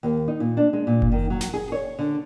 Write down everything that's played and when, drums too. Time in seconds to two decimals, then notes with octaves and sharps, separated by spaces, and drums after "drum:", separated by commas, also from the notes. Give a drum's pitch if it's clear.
0.03 D#2
0.28 D#4
0.40 A#2
0.57 D4
0.73 G#3
0.87 A#2
1.02 drum: kick F#1
1.12 D#3
1.30 F#3
1.41 drum: snare
1.54 G#4
1.72 C#5
1.99 D3